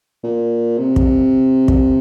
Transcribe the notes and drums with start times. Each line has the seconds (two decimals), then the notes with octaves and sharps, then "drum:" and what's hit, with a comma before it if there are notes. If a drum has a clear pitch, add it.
0.24 A#2
0.78 C3
0.96 drum: kick
1.68 drum: kick